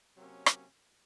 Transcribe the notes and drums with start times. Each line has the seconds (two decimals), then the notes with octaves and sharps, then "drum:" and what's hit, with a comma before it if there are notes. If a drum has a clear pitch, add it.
0.16 C3 F#3 A#3 C#4
0.46 drum: rim click